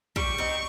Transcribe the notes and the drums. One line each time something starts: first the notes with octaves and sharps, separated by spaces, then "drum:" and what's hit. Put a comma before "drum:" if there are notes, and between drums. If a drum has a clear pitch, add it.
G3 C#6, drum: kick
C4 D#4